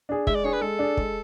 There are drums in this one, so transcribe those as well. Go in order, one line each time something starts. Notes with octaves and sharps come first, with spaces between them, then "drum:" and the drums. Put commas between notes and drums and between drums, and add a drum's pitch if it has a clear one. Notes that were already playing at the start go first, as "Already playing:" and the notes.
D4 G#4
G#3 E5, drum: kick
D5
D4 G#4 C#5
B4
G#3 A4
D4 G#4
G#3, drum: kick